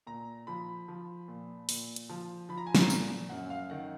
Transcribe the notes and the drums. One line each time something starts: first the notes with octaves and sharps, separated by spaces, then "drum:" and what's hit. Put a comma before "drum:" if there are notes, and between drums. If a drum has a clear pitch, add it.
A#2 A#5
F3 B5
F3
A#2
A#2, drum: open hi-hat
drum: hi-hat
F3
F3 B5
A#5
G#5
A#5, drum: snare
A#2, drum: tambourine
F#2 F#5
F5
D#3 F#5